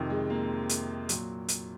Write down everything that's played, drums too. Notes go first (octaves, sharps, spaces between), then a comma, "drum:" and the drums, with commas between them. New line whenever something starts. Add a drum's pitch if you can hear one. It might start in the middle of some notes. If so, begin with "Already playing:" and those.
Already playing: F2 C3 D#3
G#3
A#3
drum: hi-hat
A#2 F#3, drum: hi-hat
drum: hi-hat